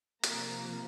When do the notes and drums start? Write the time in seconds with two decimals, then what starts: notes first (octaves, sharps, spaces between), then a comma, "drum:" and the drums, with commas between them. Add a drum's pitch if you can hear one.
0.24 C3 F3 A#3 A#5, drum: hi-hat